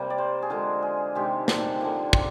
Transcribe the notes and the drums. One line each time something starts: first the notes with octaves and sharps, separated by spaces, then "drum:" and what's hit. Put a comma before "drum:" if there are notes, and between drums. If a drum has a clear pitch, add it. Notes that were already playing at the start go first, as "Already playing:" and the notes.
Already playing: C3 G3 A#3
D5
C5
G#4
D3 F3 G#3 A#4
G#4
C3 D#3 G#3 C4 G4
D4, drum: snare
D3 F3 A#3
C4, drum: kick